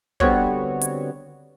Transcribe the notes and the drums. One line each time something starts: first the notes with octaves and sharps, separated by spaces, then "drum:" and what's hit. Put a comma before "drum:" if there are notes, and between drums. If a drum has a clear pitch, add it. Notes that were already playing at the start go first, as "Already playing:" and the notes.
D3 G3 B3 C4 F#4 C#5, drum: kick
drum: hi-hat